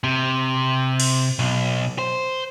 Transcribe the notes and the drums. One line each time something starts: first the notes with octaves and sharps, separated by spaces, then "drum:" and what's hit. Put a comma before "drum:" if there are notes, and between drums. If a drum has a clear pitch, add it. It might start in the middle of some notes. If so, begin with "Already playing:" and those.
C3
drum: cymbal
B1
C5